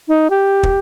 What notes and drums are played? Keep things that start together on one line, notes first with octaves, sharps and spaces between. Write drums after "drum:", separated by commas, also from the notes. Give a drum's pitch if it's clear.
D#4
G4
drum: kick